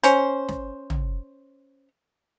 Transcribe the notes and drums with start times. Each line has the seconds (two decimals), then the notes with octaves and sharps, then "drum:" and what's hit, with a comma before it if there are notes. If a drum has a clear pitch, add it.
0.03 C#4 C5, drum: hi-hat
0.48 drum: snare
0.90 drum: tom